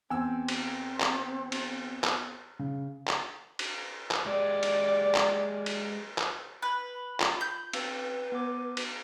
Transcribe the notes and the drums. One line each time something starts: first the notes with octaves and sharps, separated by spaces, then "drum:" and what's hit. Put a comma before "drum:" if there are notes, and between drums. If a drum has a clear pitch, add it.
E2 C4 G#5 E6
drum: cymbal
drum: clap
drum: cymbal
drum: clap
C#3
drum: clap
drum: cymbal
drum: clap
G#3 G4 D5
drum: cymbal
drum: clap
drum: cymbal
drum: clap
B4
B5
F4, drum: clap
G6
C4 B4 F5 E6, drum: cymbal
B3 D6
drum: cymbal